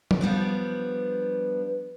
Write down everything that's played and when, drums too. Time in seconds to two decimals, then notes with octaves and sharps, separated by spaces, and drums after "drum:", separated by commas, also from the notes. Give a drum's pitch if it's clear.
0.11 drum: tom F3
0.21 F3 G3 B3 D4